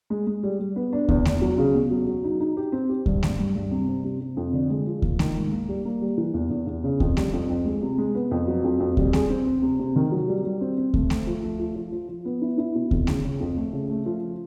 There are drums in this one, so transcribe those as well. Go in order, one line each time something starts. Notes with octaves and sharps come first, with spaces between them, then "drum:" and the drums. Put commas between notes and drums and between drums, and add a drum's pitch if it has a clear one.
G#3
G#3
G3
G3
B3
D4
E2, drum: kick D2
E2, drum: snare A3
F#3
C#3
B2
F#3
F#3
D#4
D#4
G4
C4
G4
G2, drum: kick D2
G2, drum: snare A3
G2
G2
C3
C4
C3
C3
F2
D3
G#3
F3
A#3, drum: kick D2
D#3, drum: snare A3
G#2
A#3
G3
A#3
G3
E3
E2
E2
E2
C#3
F2, drum: kick D2
G3, drum: snare A3
F2
F2
G#3
C3
G#3
B3
F2
F#3
F2
F2
G3, drum: kick D2
G#4, drum: snare A3
C4
C4
C3
C3
D#3
F#3
G3
G3
C4
C4
A3, drum: kick D2
A3, drum: snare A3
F3
A3
F3
F3
F3
F3
B3
E4
E4
B2
F2, drum: kick D2
C#3, drum: snare A3
C#3
F2
A3
C#3
A3
F3